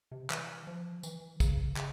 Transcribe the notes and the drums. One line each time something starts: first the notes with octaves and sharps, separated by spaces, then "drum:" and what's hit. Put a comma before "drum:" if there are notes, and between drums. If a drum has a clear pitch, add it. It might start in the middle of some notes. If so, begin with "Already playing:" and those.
C3
E3, drum: clap
F3
E3, drum: tambourine
C#3, drum: kick, tambourine
C#3, drum: clap